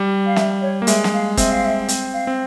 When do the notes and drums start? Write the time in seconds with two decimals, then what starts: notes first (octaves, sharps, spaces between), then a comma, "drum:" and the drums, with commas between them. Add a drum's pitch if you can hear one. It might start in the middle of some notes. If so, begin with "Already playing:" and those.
Already playing: G3
0.26 F5
0.36 E5, drum: snare
0.62 C#5
0.82 A#3
0.87 G#3 E5, drum: hi-hat
1.04 drum: snare
1.13 F5
1.37 C4 E5, drum: kick, hi-hat
1.51 F5
1.65 E5
1.88 C4, drum: hi-hat
2.14 F5
2.27 C4